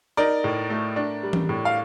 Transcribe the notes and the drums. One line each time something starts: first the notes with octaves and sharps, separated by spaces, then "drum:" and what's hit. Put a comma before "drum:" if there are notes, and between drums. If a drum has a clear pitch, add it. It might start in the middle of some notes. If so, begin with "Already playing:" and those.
D#4 A#4 D5
A2
A3
D4
G3
drum: tom E3
A2
F5